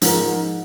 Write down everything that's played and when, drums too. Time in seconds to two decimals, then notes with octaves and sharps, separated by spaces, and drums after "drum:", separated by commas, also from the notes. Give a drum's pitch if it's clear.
0.02 G#2 F3 G#3 D#4 A#4, drum: hi-hat